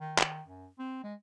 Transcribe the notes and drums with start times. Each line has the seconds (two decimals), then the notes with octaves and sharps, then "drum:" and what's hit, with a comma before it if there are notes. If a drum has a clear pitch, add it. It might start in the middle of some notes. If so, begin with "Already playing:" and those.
0.01 D#3
0.18 D#3, drum: clap
0.47 F#2
0.79 C4
1.04 G#3